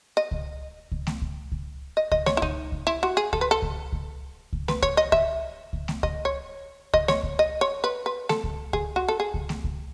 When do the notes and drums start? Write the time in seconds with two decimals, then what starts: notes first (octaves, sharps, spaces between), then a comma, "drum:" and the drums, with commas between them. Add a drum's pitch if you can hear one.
0.17 D#5
0.31 drum: kick C#2
0.92 drum: kick C#2
1.07 drum: snare A3
1.22 drum: kick C#2
1.52 drum: kick C#2
1.97 D#5
2.12 D#5, drum: kick C#2
2.26 C#5, drum: snare A3
2.37 E4
2.42 D#4, drum: kick C#2
2.72 drum: kick C#2
2.87 E4
3.03 F#4
3.17 G#4
3.33 A4, drum: kick C#2
3.41 B4
3.51 A4
3.62 drum: kick C#2
3.92 drum: kick C#2
4.53 drum: kick C#2
4.68 B4, drum: snare A3
4.82 C#5, drum: kick C#2
4.97 D#5
5.12 E5, drum: kick C#2
5.73 drum: kick C#2
5.88 drum: snare A3
6.03 D#5, drum: kick C#2
6.25 C#5
6.94 D#5, drum: kick C#2
7.08 C#5, drum: snare A3
7.23 drum: kick C#2
7.39 D#5
7.61 C#5
7.84 B4
8.06 B4
8.29 A4, drum: snare A3
8.44 drum: kick C#2
8.73 G#4, drum: kick C#2
8.96 F#4
9.08 A4
9.20 G#4
9.34 drum: kick C#2
9.49 drum: snare A3
9.64 drum: kick C#2